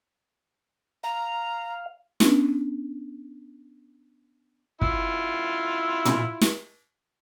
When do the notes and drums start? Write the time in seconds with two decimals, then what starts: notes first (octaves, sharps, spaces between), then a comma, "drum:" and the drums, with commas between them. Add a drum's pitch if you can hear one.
1.03 F5 A#5
2.20 B3 C#4 D4, drum: snare
4.81 E4 F4, drum: kick
6.05 drum: tom
6.41 drum: snare